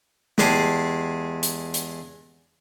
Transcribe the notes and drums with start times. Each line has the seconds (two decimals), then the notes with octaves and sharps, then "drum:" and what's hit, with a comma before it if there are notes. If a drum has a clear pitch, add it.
0.38 E2 G#3 G4 G#4 A5 C6, drum: snare
1.43 drum: hi-hat
1.74 drum: hi-hat